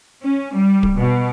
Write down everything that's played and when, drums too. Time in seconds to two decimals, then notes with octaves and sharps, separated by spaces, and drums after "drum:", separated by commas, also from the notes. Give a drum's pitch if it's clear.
0.24 C#4
0.57 G3
0.83 drum: kick D1
0.98 B2